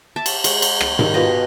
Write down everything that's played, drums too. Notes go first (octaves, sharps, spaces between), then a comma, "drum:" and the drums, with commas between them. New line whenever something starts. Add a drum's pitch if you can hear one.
E5 A5 D6
drum: cymbal
G#3, drum: cymbal
drum: cymbal
drum: rim click
D#3 G3, drum: tom G#2
B2 F4 G4 D#5